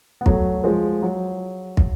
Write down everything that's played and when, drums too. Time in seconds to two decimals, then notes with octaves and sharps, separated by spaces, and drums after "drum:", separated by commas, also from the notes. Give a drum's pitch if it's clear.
0.21 B3
0.26 F#3 A3, drum: kick
0.64 F3 G#3
1.02 F#3
1.77 drum: kick